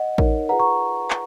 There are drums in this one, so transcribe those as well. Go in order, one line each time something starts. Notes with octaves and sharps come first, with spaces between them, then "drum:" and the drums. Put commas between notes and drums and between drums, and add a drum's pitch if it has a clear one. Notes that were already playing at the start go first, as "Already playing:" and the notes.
Already playing: D#5 F#5
D#4 A#4 C#5, drum: kick A1
F4 G#4 B4 F#5 A#5
A#5 C#6
drum: clap